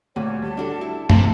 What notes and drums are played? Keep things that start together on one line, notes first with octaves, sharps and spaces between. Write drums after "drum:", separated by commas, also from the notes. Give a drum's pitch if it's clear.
D2 A#2 C#5
G3 A5
D4 F#4 A4
E4
C3 A5, drum: tom